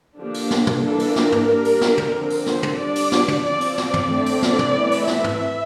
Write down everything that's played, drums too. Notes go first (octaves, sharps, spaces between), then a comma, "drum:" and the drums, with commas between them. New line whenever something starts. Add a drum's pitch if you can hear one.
D3 F3 A#3 D4 G4
drum: open hi-hat
drum: snare
drum: tom
E3 A#3 D4 A4
drum: open hi-hat
A#4, drum: snare
drum: tom
G3 D4
drum: open hi-hat
drum: snare
drum: tom
D3 F3 C4
drum: open hi-hat
C5, drum: snare
drum: tom
G3 D4 D5
drum: open hi-hat
drum: snare
drum: tom
F3 C4 D5
drum: open hi-hat
D5, drum: snare
drum: tom
D3 A3 C4
drum: open hi-hat
D5, drum: snare
drum: tom
E3 A3 C4
drum: open hi-hat
E5, drum: snare
drum: tom